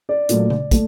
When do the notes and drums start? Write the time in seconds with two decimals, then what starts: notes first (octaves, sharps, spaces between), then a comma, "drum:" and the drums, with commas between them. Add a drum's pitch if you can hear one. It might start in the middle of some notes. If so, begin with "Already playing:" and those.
0.09 D5
0.29 A#2 F#3 A3, drum: hi-hat
0.50 drum: tom C#3
0.71 A3, drum: kick, hi-hat